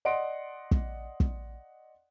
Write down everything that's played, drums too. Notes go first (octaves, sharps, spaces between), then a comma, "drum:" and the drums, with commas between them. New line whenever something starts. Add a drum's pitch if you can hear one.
D5 D#5 F#5 C6 D7
drum: kick
drum: kick